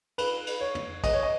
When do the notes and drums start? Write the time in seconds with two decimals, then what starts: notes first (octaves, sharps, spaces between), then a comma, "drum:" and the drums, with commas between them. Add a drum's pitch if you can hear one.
0.18 B4, drum: cymbal
0.47 drum: cymbal
0.61 C#5
0.75 drum: tom
1.04 D#5, drum: kick A1, cymbal
1.14 C#5
1.23 D#5